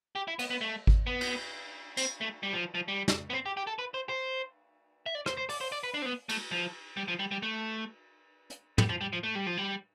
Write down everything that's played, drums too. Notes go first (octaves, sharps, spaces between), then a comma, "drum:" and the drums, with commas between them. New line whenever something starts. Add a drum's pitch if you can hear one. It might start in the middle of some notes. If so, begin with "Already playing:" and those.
G4
E4
B3, drum: cymbal
B3
A3
drum: kick G#1
B3
drum: cymbal
C4, drum: tambourine
A3
G3
F3
F3
G3
drum: snare
B3
C4
G4
G4
A4
B4
C5
C5
E5
D5
C5, drum: rim click
C5
D5, drum: open hi-hat
C5
D5
B4
D4
C4
B3
A3, drum: cymbal
F3
G3
F3
G3
G3
A3
drum: hi-hat
G3, drum: tom
F3
G3
F3
A3
G3
F3
G3